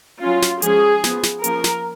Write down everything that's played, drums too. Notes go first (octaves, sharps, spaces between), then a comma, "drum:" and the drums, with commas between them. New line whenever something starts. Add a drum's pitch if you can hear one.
F#3 C#4 F4
drum: snare
F3 G#3 C#4 G#4, drum: hi-hat
F3 B3, drum: snare
drum: snare
F3 A#3 C#4 A#4, drum: hi-hat
drum: snare